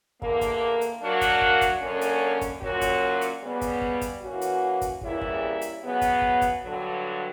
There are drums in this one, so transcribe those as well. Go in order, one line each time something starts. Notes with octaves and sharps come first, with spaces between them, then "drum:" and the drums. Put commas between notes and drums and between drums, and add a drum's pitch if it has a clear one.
E2 D3 A#3, drum: kick
drum: kick, hi-hat
drum: hi-hat
F#3 A#3 D4 F#4 A#4
drum: kick, hi-hat
drum: kick
drum: kick, hi-hat
F#2 D3 A#3 C#4
drum: hi-hat
drum: kick, hi-hat
A#2 F#3 A#3 C#4 F#4, drum: kick
drum: kick, hi-hat
drum: hi-hat
C#3 G3 B3
drum: kick, hi-hat
drum: kick
drum: kick, hi-hat
E3 A#3 C#4 F#4
drum: hi-hat
drum: kick, hi-hat
E2 C#3 G3 A#3 E4, drum: kick
drum: kick
drum: hi-hat
C#3 F#3 B3
drum: kick, hi-hat
drum: kick
drum: kick, hi-hat
G2 D3 F#3